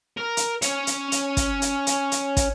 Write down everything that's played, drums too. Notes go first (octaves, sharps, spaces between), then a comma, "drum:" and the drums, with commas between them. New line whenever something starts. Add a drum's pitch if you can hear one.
A#4
drum: hi-hat
C#4 C#5, drum: hi-hat
drum: hi-hat
drum: hi-hat
drum: kick, hi-hat
drum: hi-hat
drum: hi-hat
drum: hi-hat
drum: kick, hi-hat